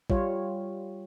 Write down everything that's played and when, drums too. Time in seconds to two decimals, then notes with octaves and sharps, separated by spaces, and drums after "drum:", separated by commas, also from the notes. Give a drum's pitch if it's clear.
0.10 G3 F4 C#5, drum: kick A1